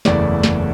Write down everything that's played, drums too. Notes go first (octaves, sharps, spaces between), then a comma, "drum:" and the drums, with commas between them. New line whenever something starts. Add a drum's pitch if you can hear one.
F#1 E2 C#3 E3 A3 D5, drum: snare
drum: snare